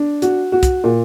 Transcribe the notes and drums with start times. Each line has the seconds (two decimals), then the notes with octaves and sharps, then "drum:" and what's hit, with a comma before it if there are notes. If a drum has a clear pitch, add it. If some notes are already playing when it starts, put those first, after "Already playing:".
Already playing: D4
0.22 F#4, drum: hi-hat
0.52 F#4
0.63 drum: kick, hi-hat
0.84 A#2